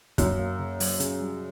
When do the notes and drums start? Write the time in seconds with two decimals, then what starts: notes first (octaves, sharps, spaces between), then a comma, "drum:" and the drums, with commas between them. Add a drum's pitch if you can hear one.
0.18 F#2 A#3, drum: kick, hi-hat
0.39 A#3
0.59 C#3
0.80 F#3, drum: open hi-hat
1.00 C#3, drum: hi-hat
1.20 G3